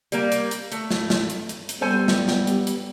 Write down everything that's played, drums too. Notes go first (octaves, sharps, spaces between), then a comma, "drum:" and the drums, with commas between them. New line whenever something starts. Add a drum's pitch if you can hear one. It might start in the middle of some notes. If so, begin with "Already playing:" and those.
G3 A#3, drum: hi-hat
drum: hi-hat
drum: hi-hat
A3, drum: hi-hat
drum: snare
drum: snare
drum: hi-hat
drum: hi-hat
drum: hi-hat
G3 B3 A4 C5 G#5
drum: snare
drum: snare
drum: hi-hat
drum: hi-hat